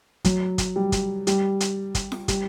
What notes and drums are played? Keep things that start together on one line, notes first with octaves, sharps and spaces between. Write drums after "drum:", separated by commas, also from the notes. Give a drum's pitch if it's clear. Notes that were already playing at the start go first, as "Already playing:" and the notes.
F#3, drum: kick, hi-hat
drum: kick, hi-hat
G3
drum: kick, hi-hat
G3, drum: hi-hat
drum: hi-hat
drum: kick, hi-hat
drum: snare
G3, drum: kick, hi-hat